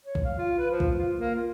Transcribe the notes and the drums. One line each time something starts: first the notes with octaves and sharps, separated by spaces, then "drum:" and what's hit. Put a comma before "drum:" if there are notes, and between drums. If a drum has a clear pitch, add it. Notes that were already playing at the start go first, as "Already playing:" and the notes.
C#5
drum: kick B1
F5
F4
B4
F3
drum: kick B1
F4
A#3
F4